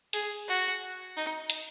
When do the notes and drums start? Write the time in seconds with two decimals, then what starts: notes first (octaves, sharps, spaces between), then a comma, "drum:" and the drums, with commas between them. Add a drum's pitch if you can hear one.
0.13 G#4, drum: hi-hat
0.48 F#4
1.17 D#4
1.50 drum: hi-hat